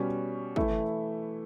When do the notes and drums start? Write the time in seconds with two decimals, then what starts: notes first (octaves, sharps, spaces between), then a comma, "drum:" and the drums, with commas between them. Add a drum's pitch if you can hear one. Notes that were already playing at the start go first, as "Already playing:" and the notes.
Already playing: B2 G3 C#4
0.56 E3 A3 E4, drum: kick